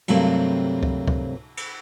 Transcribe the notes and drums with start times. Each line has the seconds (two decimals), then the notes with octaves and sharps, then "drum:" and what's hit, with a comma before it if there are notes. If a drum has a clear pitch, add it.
0.08 G2 C3 F#3 A3 A#3 C4, drum: cymbal
0.83 drum: kick C#2
1.07 drum: kick C#2
1.57 drum: cymbal